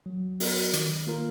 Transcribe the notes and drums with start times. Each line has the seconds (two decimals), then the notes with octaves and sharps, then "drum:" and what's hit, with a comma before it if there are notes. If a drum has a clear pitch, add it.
0.06 F#3
0.40 B3 F#4 A#4, drum: open hi-hat
0.73 D#3, drum: hi-hat
1.07 A#3 F4 A#4